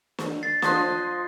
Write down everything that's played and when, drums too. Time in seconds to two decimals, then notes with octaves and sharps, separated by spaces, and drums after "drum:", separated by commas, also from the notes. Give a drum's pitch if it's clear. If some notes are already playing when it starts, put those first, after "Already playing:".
0.18 drum: snare
0.43 A6 C7
0.62 F3 C5 D#5 D#6 F#6, drum: snare